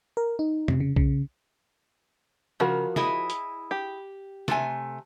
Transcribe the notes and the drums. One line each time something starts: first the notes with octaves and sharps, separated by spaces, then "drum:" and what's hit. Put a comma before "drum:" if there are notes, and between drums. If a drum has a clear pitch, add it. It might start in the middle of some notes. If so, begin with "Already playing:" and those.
A#4
D#4
C3, drum: tom F2
C#3
C#3, drum: kick B1
C#3 F3 F#4 A#4
E4 G#4 D#5, drum: snare
drum: hi-hat
G4
C3 A3 G#5, drum: snare